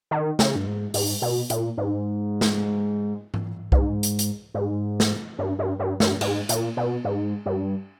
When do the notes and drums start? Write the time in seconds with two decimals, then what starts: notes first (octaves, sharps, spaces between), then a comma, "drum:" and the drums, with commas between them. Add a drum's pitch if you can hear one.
0.11 D#3
0.39 C#3, drum: snare
0.56 G2
0.67 G#2
0.94 G#2, drum: open hi-hat
1.22 B2
1.50 A#2, drum: hi-hat
1.77 G#2
2.41 drum: snare
3.34 drum: tom G#2
3.72 G#2, drum: kick C2
4.03 drum: hi-hat
4.19 drum: hi-hat
4.54 G#2
5.00 drum: snare
5.39 G2
5.59 G2
5.79 G2
6.00 G2, drum: snare
6.21 G#2, drum: cymbal
6.49 A#2, drum: hi-hat
6.77 B2
7.04 G#2
7.46 G2